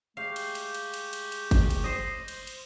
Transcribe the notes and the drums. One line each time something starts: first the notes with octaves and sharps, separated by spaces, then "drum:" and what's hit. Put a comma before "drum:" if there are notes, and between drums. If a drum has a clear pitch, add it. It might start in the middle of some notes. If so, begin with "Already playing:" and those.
G#3 A3 G4 F5
drum: cymbal
drum: cymbal
drum: cymbal
drum: cymbal
drum: cymbal
drum: cymbal
drum: kick G1, cymbal
drum: cymbal
C5 D#5
drum: cymbal
drum: cymbal